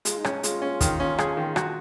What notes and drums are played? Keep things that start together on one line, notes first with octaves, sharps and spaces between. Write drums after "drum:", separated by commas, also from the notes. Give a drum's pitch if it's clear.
G#3 F4, drum: hi-hat
D#4
C#4 F4, drum: rim click
D#4
G#3 F4, drum: hi-hat
C#4
D#3, drum: kick, hi-hat
C#4
G#4, drum: rim click
D#3
F#4, drum: rim click